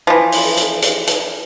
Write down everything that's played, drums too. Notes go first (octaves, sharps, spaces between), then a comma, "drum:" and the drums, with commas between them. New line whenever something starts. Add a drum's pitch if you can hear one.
E3 F3
drum: open hi-hat
drum: hi-hat
drum: hi-hat
drum: hi-hat